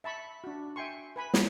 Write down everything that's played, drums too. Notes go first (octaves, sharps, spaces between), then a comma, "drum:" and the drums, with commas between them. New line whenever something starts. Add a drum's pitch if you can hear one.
E5 A5 B5 C#6
D4 F#4
E5 G5 G#5 C6 C#6
B4 G#5 B5
drum: snare